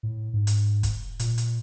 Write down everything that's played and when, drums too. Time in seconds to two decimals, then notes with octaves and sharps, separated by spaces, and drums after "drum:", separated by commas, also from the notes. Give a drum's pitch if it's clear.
0.03 A2
0.33 G#2
0.47 drum: hi-hat
0.83 drum: kick, hi-hat
1.19 A#2, drum: hi-hat
1.38 drum: hi-hat